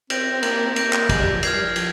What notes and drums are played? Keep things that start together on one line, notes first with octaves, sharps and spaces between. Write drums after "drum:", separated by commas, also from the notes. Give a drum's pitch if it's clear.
C4 G6 A#6 D7, drum: cymbal
C4
A#3, drum: cymbal
C4
A#3 G6 A#6 D7, drum: cymbal
drum: clap
G#3, drum: kick, cymbal
G3
F3
F3 F6 G#6 C7, drum: cymbal
G3
F3
drum: cymbal